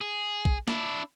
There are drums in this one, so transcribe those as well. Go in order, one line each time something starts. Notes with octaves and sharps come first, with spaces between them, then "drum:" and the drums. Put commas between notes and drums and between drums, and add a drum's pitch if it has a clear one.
G#4
drum: kick
D4 E4, drum: snare